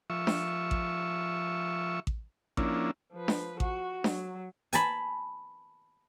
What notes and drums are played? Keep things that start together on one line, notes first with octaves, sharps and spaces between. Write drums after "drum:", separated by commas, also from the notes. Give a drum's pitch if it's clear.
F3 E5 C#6
drum: snare D4
drum: kick A1
drum: kick A1
F3 A#3 C#4 D4 E4, drum: kick A1
F3 B4
drum: snare D4
F#4, drum: kick A1
F#3, drum: snare D4
G#5 A5 B5, drum: hi-hat